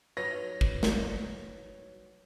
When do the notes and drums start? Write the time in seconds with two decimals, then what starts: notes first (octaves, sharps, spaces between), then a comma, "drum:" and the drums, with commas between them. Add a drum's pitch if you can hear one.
0.17 F#3 D#4 B4 A#6
0.61 drum: kick
0.83 drum: snare